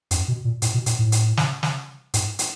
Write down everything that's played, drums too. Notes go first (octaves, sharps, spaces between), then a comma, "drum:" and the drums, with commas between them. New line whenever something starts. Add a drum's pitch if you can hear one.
F#2, drum: hi-hat
B2
A#2
A2, drum: hi-hat
B2
A#2, drum: hi-hat
A2
drum: hi-hat
drum: snare
drum: snare
G#2, drum: hi-hat
drum: hi-hat